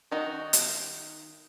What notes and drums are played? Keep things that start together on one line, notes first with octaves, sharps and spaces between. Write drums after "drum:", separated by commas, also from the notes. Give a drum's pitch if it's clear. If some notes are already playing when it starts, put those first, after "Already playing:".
D#3 D#4 F#4
drum: hi-hat